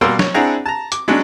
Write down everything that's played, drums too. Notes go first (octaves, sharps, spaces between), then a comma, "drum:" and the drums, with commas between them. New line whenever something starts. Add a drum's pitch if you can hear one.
B2 G3 A#3 A#4 C6 E6
C#5, drum: snare
C4 D4 E4 G#4 F#5 A#5
A5 A#5
D6, drum: hi-hat
F#3 G#3 C#4 D4